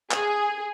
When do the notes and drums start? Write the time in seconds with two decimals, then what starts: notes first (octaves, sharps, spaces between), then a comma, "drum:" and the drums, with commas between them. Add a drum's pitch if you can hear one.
0.11 G#4, drum: clap